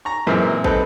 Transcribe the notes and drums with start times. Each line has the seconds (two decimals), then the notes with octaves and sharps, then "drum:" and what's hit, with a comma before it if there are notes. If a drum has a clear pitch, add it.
0.05 A#5 C#6
0.27 F#2 A#2 E3 G#3 A#3 C4
0.64 C4 D#4 A4 B4, drum: kick